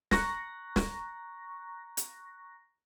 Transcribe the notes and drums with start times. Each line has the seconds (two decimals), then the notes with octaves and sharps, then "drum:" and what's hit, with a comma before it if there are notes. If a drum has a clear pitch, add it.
0.11 A#5 C#6 F#6 A#6, drum: snare
0.76 drum: snare
1.97 drum: hi-hat